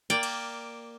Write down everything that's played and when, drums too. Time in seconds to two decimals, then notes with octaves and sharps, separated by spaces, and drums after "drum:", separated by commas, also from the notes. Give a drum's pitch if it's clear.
0.10 A#3 D5 G5, drum: hi-hat
0.23 drum: cymbal